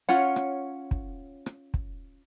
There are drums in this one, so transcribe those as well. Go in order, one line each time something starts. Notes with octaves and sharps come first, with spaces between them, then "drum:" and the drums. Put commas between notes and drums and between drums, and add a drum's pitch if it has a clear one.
C#4 F4 C#5 F#5
drum: rim click
drum: kick
drum: rim click
drum: kick